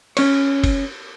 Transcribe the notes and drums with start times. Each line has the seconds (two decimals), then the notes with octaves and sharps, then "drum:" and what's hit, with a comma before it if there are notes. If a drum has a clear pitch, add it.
0.17 C#4 C#5, drum: cymbal
0.64 drum: kick F#1, cymbal